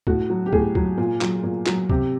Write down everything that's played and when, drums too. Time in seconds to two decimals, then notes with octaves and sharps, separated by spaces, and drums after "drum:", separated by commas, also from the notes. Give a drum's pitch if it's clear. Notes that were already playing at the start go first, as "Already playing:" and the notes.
0.07 A2 F#4, drum: kick
0.30 F#3
0.46 G4
0.53 A2 G#4, drum: kick
0.75 F#3, drum: kick
0.98 A#2
1.21 F#3, drum: clap
1.44 A#2
1.66 F#3, drum: clap
1.89 C3 G4, drum: kick